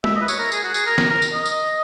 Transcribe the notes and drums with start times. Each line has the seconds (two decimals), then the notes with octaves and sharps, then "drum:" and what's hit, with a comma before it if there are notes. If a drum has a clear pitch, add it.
0.04 E5, drum: tom
0.16 D#5
0.22 B4
0.28 C#5, drum: tambourine
0.39 A#4
0.52 G#4, drum: tambourine
0.64 F#4
0.74 G#4, drum: tambourine
0.86 A#4
0.98 A#4, drum: snare
1.10 A#4
1.22 drum: tambourine
1.34 D#5
1.46 drum: tambourine